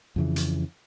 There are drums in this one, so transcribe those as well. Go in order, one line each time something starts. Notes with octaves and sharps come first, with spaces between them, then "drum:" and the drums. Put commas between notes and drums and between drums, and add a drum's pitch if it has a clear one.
F2 C#3 E3
drum: hi-hat